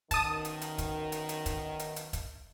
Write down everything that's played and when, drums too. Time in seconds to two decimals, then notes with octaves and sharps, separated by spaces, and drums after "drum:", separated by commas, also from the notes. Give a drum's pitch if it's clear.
0.11 F#2 B2 D#3 A5 D#6, drum: kick, hi-hat
0.45 drum: hi-hat
0.62 drum: hi-hat
0.78 drum: kick, hi-hat
1.12 drum: hi-hat
1.29 drum: hi-hat
1.46 drum: kick, hi-hat
1.79 drum: hi-hat
1.96 drum: hi-hat
2.13 drum: kick, hi-hat